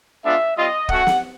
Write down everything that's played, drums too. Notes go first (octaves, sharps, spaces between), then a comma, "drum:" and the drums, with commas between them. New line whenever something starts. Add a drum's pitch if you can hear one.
G#3 B3 D4 F4 E5
G3 C4 F4 D#5
A3 C#4 F#4 F#5, drum: kick
drum: snare